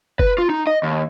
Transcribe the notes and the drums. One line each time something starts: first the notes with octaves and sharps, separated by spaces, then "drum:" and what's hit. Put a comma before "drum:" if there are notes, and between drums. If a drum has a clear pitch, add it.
B4, drum: kick
F4
D#4
D#5
D#2